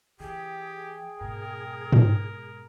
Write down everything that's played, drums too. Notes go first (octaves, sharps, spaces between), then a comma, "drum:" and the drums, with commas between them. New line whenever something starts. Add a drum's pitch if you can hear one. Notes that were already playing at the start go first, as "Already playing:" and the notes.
E3 G4 G#4 G5
G#2 B2 A#4
drum: tom